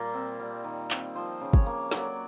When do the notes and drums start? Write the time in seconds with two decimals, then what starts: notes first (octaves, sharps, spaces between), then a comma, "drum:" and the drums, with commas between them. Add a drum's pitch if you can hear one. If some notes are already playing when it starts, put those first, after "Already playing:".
Already playing: A#2 G3 A#3 A#4
0.14 C4
0.40 G3
0.64 D#3
0.91 C4, drum: clap
1.15 F3 C5
1.41 C#3
1.53 C#5, drum: kick
1.66 A#3
1.91 F#3 D5, drum: snare